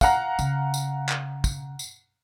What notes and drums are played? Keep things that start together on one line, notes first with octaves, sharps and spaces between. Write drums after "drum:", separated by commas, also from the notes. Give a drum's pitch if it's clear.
F5 F#5 A#5, drum: kick, tambourine
C#3, drum: tambourine
drum: tambourine
drum: clap
drum: kick, tambourine
drum: tambourine